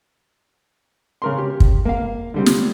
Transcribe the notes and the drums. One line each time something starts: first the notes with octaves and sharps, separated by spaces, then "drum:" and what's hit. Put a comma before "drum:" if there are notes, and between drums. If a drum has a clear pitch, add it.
C#3 A#4 C6
G4
drum: kick
A#3 F5
D3 G3 C4
drum: snare